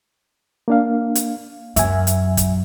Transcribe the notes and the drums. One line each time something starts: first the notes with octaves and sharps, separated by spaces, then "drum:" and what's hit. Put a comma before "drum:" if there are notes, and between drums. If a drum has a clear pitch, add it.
A#3 D4 F5
drum: hi-hat
F#2 E5 G#5, drum: hi-hat
drum: hi-hat
drum: kick, hi-hat